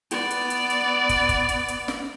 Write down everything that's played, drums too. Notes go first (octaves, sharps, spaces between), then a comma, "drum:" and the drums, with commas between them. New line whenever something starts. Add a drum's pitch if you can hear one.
B3 D5, drum: hi-hat
drum: hi-hat
drum: hi-hat
drum: hi-hat
drum: kick, hi-hat
drum: kick, hi-hat
drum: hi-hat
drum: hi-hat
drum: snare